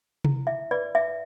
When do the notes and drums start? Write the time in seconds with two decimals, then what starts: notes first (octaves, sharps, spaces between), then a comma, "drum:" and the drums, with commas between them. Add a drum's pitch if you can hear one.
0.24 E4, drum: tom C3
0.47 E5
0.71 B4 D5
0.95 E5